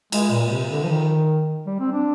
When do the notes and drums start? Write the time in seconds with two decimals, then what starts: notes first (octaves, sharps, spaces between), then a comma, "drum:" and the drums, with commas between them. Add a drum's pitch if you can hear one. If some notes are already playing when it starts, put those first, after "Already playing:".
0.12 G#3, drum: cymbal
0.30 A#2
0.50 C3
0.69 D3
0.84 F3
0.89 D#3
1.67 G3
1.79 C4
1.91 D4